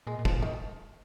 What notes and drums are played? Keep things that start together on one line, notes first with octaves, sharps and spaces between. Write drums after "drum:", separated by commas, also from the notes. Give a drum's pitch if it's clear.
A#2 G#3
A#2
F3, drum: kick
A#2
D#3